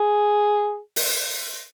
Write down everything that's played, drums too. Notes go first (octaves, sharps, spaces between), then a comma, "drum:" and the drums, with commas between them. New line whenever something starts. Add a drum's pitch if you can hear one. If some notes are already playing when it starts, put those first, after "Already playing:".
Already playing: G#4
drum: open hi-hat